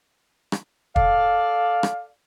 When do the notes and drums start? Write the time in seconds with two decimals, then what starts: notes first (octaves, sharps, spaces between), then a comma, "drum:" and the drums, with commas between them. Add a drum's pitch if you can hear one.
0.52 drum: rim click
0.96 A4 D5 F5, drum: kick
1.83 drum: rim click